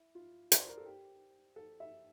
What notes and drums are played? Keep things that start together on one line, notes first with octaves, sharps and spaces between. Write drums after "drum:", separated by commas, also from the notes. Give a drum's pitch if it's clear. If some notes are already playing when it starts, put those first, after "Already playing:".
Already playing: E4
F4
D5, drum: hi-hat
C5
A#4
A4
G4
A4
E5